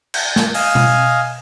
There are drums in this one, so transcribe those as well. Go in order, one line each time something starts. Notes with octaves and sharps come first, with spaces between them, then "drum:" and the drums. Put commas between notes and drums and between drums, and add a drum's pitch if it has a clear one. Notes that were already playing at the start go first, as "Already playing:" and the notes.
drum: cymbal
drum: snare
D#5 F5 G#5, drum: open hi-hat
drum: tom B2